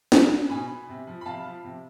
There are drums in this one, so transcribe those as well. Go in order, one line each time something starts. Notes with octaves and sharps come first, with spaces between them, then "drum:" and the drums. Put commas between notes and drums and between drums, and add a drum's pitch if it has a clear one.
B2, drum: snare C#4
B2 G#5 B5
C3
F3
B5
C3 F5 A5
F3
C3